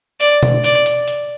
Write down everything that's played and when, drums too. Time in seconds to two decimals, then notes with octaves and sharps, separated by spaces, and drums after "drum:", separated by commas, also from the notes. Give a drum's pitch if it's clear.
0.20 D5, drum: hi-hat
0.43 drum: tom B2
0.64 D5, drum: hi-hat
0.86 drum: hi-hat
1.08 drum: hi-hat